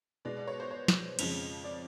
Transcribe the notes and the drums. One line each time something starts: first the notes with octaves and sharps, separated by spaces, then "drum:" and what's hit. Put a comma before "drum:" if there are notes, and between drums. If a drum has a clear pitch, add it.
B2 G#3 D5
D5
C#5
C5
C#5
drum: snare
F2 C#3 F3 G#3, drum: cymbal
D5